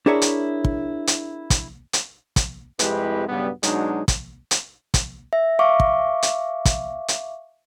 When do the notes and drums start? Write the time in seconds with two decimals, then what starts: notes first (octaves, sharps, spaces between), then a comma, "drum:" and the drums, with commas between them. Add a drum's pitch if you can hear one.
0.06 D4 E4 G#4 A#4 C#5 E5
0.22 drum: hi-hat
0.64 drum: kick
1.07 drum: hi-hat
1.50 drum: kick, hi-hat
1.93 drum: hi-hat
2.36 drum: kick, hi-hat
2.79 C2 F2 G#3 E4 G4 B4, drum: hi-hat
3.28 B1 G2 C#3 G3 B3
3.63 B2 F#3 G#3 D4 D#4, drum: hi-hat
4.08 drum: kick, hi-hat
4.51 drum: hi-hat
4.94 drum: kick, hi-hat
5.33 E5
5.59 E5 F5 C#6 D6
5.80 drum: kick
6.23 drum: hi-hat
6.65 drum: kick, hi-hat
7.08 drum: hi-hat